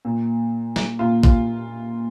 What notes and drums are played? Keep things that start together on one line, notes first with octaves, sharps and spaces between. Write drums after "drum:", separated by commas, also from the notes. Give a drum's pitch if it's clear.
A#2
drum: snare
A#2 F4 F5
F4 F5, drum: kick